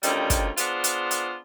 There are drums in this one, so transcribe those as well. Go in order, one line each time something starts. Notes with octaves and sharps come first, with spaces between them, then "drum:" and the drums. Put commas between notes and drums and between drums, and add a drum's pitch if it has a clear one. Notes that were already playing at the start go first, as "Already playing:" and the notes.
D2 D#3 G3 C#4 F4, drum: hi-hat
drum: kick, hi-hat
B3 D4 F4 G#4 C5, drum: hi-hat
drum: hi-hat
drum: hi-hat